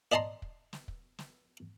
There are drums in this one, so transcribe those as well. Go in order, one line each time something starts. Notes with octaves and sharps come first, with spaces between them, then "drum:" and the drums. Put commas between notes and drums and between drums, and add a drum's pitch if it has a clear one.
D5 D#5 A5 A#5 C6
drum: kick
drum: snare
drum: kick
drum: snare